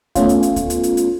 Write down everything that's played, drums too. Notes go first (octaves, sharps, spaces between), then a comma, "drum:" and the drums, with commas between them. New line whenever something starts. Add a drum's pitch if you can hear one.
A3 B3 C#4 F4, drum: kick D2, hi-hat
drum: hi-hat
drum: hi-hat
drum: kick D2, hi-hat
drum: hi-hat
drum: hi-hat
drum: hi-hat